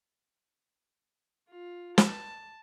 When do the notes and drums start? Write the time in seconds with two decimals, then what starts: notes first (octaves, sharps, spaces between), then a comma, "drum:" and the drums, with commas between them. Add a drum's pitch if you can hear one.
1.50 F4
1.98 A5, drum: snare